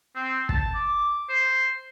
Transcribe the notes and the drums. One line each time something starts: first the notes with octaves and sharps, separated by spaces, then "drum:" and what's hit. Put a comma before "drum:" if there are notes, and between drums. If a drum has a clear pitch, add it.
C4
A5, drum: kick
D6
C5